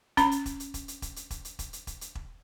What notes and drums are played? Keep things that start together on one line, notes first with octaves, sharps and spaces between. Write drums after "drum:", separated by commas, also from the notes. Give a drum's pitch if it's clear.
C#4 B5, drum: kick E1, hi-hat
drum: hi-hat
drum: kick E1, hi-hat
drum: hi-hat
drum: kick E1, hi-hat
drum: hi-hat
drum: kick E1, hi-hat
drum: hi-hat
drum: kick E1, hi-hat
drum: hi-hat
drum: kick E1, hi-hat
drum: hi-hat
drum: kick E1, hi-hat
drum: hi-hat
drum: kick E1